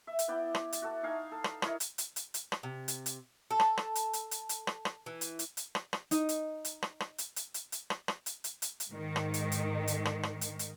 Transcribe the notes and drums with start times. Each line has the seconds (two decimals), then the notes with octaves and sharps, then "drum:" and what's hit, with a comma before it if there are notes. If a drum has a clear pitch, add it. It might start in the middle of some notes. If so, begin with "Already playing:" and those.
0.07 E5
0.19 drum: hi-hat
0.28 B3 E4 D5 G5
0.55 drum: rim click
0.72 drum: hi-hat
0.82 F#4 A4
1.03 D#4 D#5 F5 G#5
1.32 A4
1.44 drum: rim click
1.62 E4 A#4 C#5 D#5, drum: rim click
1.80 drum: hi-hat
1.98 drum: hi-hat
2.16 drum: hi-hat
2.34 drum: hi-hat
2.52 drum: rim click
2.63 C3
2.88 drum: hi-hat
3.06 drum: hi-hat
3.51 A4
3.60 drum: rim click
3.77 drum: rim click
3.95 drum: hi-hat
4.13 drum: hi-hat
4.31 drum: hi-hat
4.49 drum: hi-hat
4.67 drum: rim click
4.85 drum: rim click
5.06 E3
5.21 drum: hi-hat
5.39 drum: hi-hat
5.57 drum: hi-hat
5.75 drum: rim click
5.93 drum: rim click
6.11 D#4 D#5, drum: hi-hat
6.29 drum: hi-hat
6.65 drum: hi-hat
6.82 drum: rim click
7.00 drum: rim click
7.18 drum: hi-hat
7.36 drum: hi-hat
7.54 drum: hi-hat
7.72 drum: hi-hat
7.90 drum: rim click
8.08 drum: rim click
8.26 drum: hi-hat
8.44 drum: hi-hat
8.62 drum: hi-hat
8.80 drum: hi-hat
8.89 G#2 D#3
9.16 drum: rim click
9.34 drum: hi-hat
9.52 drum: hi-hat
9.87 drum: hi-hat
10.05 drum: rim click
10.23 drum: rim click
10.41 drum: hi-hat
10.59 drum: hi-hat